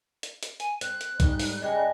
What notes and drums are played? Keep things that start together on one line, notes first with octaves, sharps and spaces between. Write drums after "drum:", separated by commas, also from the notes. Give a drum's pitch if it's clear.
drum: hi-hat
drum: hi-hat
G#5, drum: hi-hat
C4 F#6, drum: hi-hat
drum: hi-hat
G#2 G3 D#4, drum: kick B1, hi-hat
drum: open hi-hat
G2 C#3 D4 G#4 D#5 G5 G#5